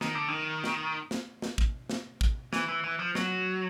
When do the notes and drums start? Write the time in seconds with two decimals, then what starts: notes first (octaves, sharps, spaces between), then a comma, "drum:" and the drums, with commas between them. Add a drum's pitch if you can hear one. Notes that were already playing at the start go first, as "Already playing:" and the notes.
0.01 D#3, drum: snare
0.15 D3
0.28 D#3
0.64 drum: snare
1.11 drum: snare
1.42 drum: snare
1.58 drum: kick
1.90 drum: snare
2.21 drum: kick
2.53 E3, drum: snare
2.68 E3
2.84 E3
2.99 F3
3.15 F#3, drum: snare